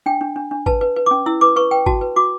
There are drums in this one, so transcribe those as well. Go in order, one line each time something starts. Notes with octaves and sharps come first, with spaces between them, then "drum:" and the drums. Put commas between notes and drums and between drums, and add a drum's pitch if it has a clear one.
D4 G5
D4
D4
D4
B4 A5, drum: kick
B4
B4
C#4 D6
E4 E6
B4 D6
B4 C#6
B4 G5
F#4 A5, drum: kick
B4
F#4 D6